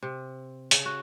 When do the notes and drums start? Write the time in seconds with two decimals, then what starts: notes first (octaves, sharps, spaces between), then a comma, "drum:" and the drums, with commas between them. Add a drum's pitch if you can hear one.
0.03 C3
0.71 C#3, drum: hi-hat
0.85 F#4